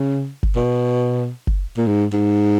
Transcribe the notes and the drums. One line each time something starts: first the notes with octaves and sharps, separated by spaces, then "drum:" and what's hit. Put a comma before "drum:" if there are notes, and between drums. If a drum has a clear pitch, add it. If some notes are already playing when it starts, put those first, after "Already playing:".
Already playing: C#3
drum: kick F#1
B2
drum: kick F#1
A#2
G#2
G#2